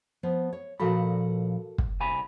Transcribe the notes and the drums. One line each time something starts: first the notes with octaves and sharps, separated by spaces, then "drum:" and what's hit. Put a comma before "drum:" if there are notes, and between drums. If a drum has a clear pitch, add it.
F3 B3
C#5
A#2 F3 F#4 A4 A#4 B5
drum: kick
C2 G#5 B5